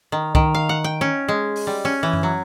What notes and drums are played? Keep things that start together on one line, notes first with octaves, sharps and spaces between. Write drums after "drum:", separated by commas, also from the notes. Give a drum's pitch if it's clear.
D#3
D#3, drum: kick C2
F5
F#5
G5
C#4
G#3
drum: open hi-hat
G3
C#4
E3
drum: tom F#2
F#3